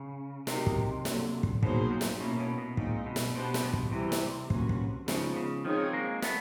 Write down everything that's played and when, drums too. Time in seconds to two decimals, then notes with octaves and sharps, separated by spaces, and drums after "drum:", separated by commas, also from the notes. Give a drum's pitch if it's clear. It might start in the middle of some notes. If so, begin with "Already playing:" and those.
Already playing: C#3
0.47 C3 F#3 A#3 D#4 G4 A#4, drum: snare
0.67 drum: kick
1.05 D3 F#3 A#3, drum: snare
1.43 drum: kick
1.63 B2 F#3 A#3 D#4 G#4 C5, drum: kick
1.91 A#2
2.01 drum: snare
2.20 B2 A#3 C#4 E4
2.40 B2
2.58 B2
2.77 A#2 G#3 C4 D#4, drum: kick
3.06 B2
3.16 drum: snare
3.35 B2 B3 D4 G4 C5
3.54 drum: snare
3.64 B2
3.73 drum: kick
3.92 C3 E3 G3 C4
4.12 drum: snare
4.50 A#3 C#4 F#4 B4, drum: kick
4.69 drum: kick
5.08 C#3 F3 G#3 B3 D#4, drum: snare
5.36 C#3
5.65 D#3 F3 C4 D#4 G#4 C#5
5.93 G#3 A#3
6.22 A3 B3, drum: snare